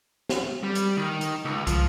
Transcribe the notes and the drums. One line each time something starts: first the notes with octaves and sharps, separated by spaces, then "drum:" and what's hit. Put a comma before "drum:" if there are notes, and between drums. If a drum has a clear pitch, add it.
drum: snare
G3
drum: hi-hat
D#3
drum: hi-hat
C#2
F3, drum: kick, hi-hat